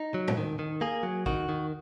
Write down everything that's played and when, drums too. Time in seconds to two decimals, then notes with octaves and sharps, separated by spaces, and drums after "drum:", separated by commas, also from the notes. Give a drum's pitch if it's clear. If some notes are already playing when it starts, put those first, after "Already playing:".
Already playing: D#4
0.14 F#3
0.28 drum: tom A2
0.37 D#3
0.59 D#3
0.81 A#3 G#4
1.03 F#3
1.26 D#3 F#4, drum: kick
1.49 D#3